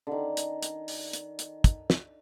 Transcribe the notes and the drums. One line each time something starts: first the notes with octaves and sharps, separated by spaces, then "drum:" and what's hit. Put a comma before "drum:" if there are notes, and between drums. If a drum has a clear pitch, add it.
D3 D#3
drum: hi-hat
drum: hi-hat
drum: open hi-hat
drum: hi-hat
drum: hi-hat
drum: kick, hi-hat
drum: snare